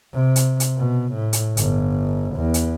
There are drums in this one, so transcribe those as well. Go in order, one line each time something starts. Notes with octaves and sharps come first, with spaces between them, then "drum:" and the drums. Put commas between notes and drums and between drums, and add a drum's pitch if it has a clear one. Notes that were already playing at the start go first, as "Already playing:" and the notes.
C3
drum: hi-hat
drum: hi-hat
B2
A2
drum: hi-hat
G1, drum: hi-hat
E2
drum: hi-hat